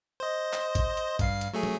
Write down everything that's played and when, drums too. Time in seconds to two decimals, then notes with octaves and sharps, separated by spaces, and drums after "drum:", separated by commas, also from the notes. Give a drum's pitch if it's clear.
0.20 C5 D#5
0.53 drum: clap
0.75 drum: kick A1, hi-hat
0.97 drum: hi-hat
1.19 G2 F5 C7, drum: kick A1, hi-hat
1.41 drum: hi-hat
1.53 F#3 A3 G#4
1.63 drum: tom